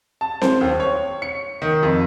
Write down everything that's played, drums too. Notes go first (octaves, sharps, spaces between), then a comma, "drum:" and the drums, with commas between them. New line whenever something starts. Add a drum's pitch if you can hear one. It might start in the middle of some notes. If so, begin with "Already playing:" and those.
A5
C5, drum: snare C4
D#2
C#5
C#7
D#3
F2